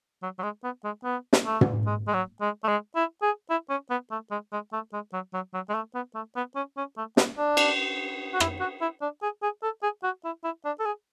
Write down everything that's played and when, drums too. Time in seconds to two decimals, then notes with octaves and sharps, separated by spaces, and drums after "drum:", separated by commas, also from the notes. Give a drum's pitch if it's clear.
0.22 F#3
0.38 F#3
0.43 G#3
0.64 B3
0.84 G#3
1.04 B3
1.33 drum: snare
1.46 A3
1.61 drum: tom
1.86 G#3
2.07 G#3
2.14 F#3
2.41 G#3
2.64 A3
2.68 G#3
2.96 E4
3.22 G#4
3.50 E4
3.70 C#4
3.90 B3
4.11 A3
4.31 G#3
4.52 G#3
4.73 A3
4.93 G#3
5.13 F#3
5.34 F#3
5.54 F#3
5.69 G#3
5.74 A3
5.95 B3
6.15 A3
6.36 B3
6.55 C#4
6.77 C#4
6.97 A3
7.17 B3, drum: snare
7.38 D4
7.57 drum: cymbal
8.34 F#4
8.40 E4, drum: rim click
8.60 F#4
8.81 E4
9.01 D4
9.22 G#4
9.42 G#4
9.63 A4
9.82 G#4
10.03 F#4
10.24 E4
10.44 E4
10.65 D4
10.80 A4
10.85 G#4